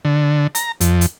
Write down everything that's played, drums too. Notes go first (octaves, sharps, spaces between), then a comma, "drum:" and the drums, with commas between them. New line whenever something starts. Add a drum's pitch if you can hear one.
D3
A#5, drum: hi-hat
F2, drum: hi-hat
drum: hi-hat